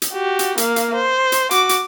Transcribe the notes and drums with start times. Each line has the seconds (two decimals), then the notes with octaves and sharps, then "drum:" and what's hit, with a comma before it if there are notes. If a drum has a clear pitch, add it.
0.02 drum: hi-hat
0.12 F#4 G4
0.39 drum: hi-hat
0.58 A#3 F5, drum: hi-hat
0.76 drum: hi-hat
0.95 C5
1.32 drum: hi-hat
1.51 F#4 D6, drum: hi-hat
1.69 drum: hi-hat